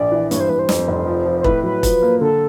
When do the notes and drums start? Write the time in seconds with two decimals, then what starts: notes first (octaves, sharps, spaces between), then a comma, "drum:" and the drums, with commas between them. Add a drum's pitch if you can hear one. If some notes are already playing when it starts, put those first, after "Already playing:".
Already playing: A#1 D5
0.12 E3
0.31 G2 C#5, drum: hi-hat
0.40 C5
0.49 G2 B4
0.59 C5
0.69 F2, drum: snare
0.88 F1
1.07 F3
1.26 F3
1.40 C5
1.44 A2 B4, drum: kick E1
1.63 F#3 B4
1.83 F3, drum: kick E1, hi-hat
2.02 A#3
2.21 D3 A4